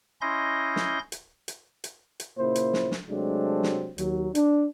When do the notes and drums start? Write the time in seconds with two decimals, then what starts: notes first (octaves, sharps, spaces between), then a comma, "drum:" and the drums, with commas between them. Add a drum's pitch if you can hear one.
0.21 C#4 E4 D#5 C6 G6 A#6
0.76 drum: snare
1.12 drum: hi-hat
1.48 drum: hi-hat
1.84 drum: hi-hat
2.20 drum: hi-hat
2.38 A#2 C#3 A#3 E4 C5
2.55 drum: hi-hat
2.73 drum: snare
2.91 drum: snare
3.09 C3 F#3 G#3 A3 C4 D4
3.63 drum: snare
3.98 D#2 F#3, drum: hi-hat
4.35 D4, drum: hi-hat